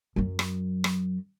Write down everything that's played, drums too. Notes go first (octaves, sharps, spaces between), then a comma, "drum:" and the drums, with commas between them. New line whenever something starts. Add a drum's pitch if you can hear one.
F#2 F#3
drum: rim click
drum: rim click